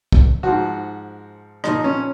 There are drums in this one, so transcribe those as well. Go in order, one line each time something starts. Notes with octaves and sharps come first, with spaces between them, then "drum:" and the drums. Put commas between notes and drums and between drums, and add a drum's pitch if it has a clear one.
drum: kick
G#2 F3 F#4
A#2 F3 D#4, drum: rim click
C#4